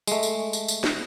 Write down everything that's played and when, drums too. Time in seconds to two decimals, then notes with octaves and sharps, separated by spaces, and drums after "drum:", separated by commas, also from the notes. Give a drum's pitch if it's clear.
0.07 G#3 A3, drum: tambourine
0.23 drum: tambourine
0.53 drum: tambourine
0.68 drum: tambourine
0.84 drum: snare